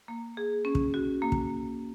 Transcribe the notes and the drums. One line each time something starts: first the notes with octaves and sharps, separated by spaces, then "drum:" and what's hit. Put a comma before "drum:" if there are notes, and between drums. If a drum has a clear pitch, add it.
A#3
G#4
C#4
drum: kick
F#4
A#3
drum: kick